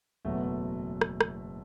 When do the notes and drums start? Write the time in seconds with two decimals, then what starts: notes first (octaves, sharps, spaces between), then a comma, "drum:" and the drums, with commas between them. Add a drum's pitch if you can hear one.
0.25 F#1 E2 B2 F#3 A3
0.34 B3
0.43 A3
1.01 drum: rim click
1.21 drum: rim click